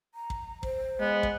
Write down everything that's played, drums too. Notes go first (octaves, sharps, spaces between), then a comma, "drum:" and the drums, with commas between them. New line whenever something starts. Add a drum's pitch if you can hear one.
A#5
drum: kick
C5, drum: kick
G#3 B3
drum: kick